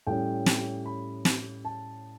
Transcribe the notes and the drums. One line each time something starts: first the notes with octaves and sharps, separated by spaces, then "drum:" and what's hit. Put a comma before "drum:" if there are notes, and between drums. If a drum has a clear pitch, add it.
A2 G3 C#4 G5
drum: snare
B5
drum: snare
A5